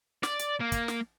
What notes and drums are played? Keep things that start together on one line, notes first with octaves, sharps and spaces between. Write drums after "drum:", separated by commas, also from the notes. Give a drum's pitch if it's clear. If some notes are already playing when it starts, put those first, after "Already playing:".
D5, drum: snare
drum: hi-hat
A#3
drum: kick, hi-hat
drum: snare